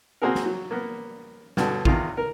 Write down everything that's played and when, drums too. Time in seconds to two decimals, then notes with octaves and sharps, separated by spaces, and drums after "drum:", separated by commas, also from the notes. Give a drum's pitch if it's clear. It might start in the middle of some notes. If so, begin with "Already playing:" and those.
0.22 A#3 C4 F#4 G#4 A#4
0.35 drum: snare
0.45 F#3
0.71 A#3 B3
1.57 G2 B2 D3, drum: snare
1.85 E2 D#3 F4, drum: kick A1
2.17 A#4